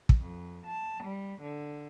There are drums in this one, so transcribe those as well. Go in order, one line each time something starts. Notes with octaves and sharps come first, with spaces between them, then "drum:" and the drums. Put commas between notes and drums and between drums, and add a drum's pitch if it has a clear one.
drum: kick
F2
A5
G3
D3